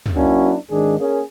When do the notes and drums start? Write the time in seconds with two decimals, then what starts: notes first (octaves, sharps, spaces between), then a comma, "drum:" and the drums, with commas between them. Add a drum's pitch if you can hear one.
0.06 drum: tom
0.15 F#3 A#3 C#4 D4 E4 F#4
0.70 G#1 G#2 D#3 G#3 D4 G#4
0.99 A#3 C#4 G#4